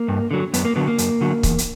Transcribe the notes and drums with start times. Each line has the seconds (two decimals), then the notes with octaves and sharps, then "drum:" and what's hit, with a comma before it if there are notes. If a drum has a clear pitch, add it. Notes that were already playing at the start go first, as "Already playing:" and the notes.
Already playing: A#3
0.08 G2
0.31 D3 F#3
0.54 F#2 B3, drum: hi-hat
0.65 A#3
0.76 D3 F#3 B3
0.87 A#3
0.98 F#2, drum: hi-hat
1.21 D3 F#3
1.43 E2, drum: kick C#1, hi-hat
1.58 drum: hi-hat